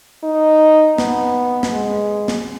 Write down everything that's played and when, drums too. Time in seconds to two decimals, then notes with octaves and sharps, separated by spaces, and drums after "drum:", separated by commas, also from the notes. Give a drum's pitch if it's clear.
0.24 D#4
0.98 B3, drum: snare
1.63 drum: snare
1.73 G#3
2.28 drum: snare